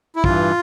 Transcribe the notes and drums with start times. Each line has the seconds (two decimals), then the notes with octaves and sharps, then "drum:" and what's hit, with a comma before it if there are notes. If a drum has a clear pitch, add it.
0.16 E4
0.24 G2 E3 F4, drum: kick